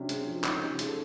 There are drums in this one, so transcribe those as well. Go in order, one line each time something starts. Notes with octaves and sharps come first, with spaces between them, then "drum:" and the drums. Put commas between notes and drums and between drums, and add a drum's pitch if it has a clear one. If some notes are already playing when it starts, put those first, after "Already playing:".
Already playing: C3 F#3 C#4 D4
G#3, drum: hi-hat
F3
C#3 D#4, drum: clap
C#3 G4
G#3, drum: hi-hat
A4